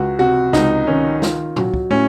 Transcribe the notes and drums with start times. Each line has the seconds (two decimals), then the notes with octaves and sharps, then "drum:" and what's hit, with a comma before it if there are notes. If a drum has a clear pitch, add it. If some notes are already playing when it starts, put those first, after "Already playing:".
Already playing: C#2 F#4
0.19 C3 F#4
0.53 C#2 D#4, drum: snare
0.87 D#3 C#4
1.22 F4, drum: snare
1.56 F#3, drum: tom A2
1.74 drum: kick
1.90 A2 C#4